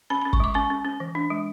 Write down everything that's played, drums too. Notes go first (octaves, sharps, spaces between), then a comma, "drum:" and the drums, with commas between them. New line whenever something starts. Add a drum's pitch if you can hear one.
C#4 B5
C#4 B5
C#6, drum: kick G#1
G#3 D6
C#4 C#6
C#4
C#4
E3
D4
G#3